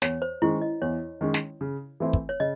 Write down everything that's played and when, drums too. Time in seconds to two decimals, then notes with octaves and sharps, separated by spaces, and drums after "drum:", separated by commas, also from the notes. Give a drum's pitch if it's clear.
0.02 E2 C#5, drum: snare
0.22 C5
0.42 D#3 G#3 C#4 E4
0.62 D#5
0.82 E2 C#5
1.21 D#3 G#3 C#4
1.34 drum: snare
1.61 C#3
2.00 E3 A3 C4 E4
2.13 drum: kick
2.29 C#5
2.40 C#3 D#5